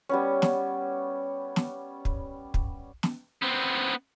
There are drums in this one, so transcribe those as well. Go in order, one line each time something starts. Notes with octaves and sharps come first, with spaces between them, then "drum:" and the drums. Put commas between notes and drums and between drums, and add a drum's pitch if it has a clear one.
G3 B3 C#4
drum: snare
drum: snare
drum: kick
drum: kick
drum: snare
B3 C4